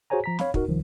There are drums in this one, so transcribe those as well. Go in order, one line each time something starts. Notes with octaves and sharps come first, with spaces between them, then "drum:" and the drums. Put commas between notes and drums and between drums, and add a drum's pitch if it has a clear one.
F#4 G#4 C5 C#5 G#5 A#5
F3 A#5 B6
C#5 F5 B5, drum: snare
D#4 F#4 A#4, drum: kick
C2 D#3 F3